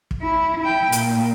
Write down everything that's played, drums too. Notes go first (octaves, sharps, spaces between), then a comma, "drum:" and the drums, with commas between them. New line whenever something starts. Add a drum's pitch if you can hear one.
drum: kick
E4
E4 G5
A#2, drum: hi-hat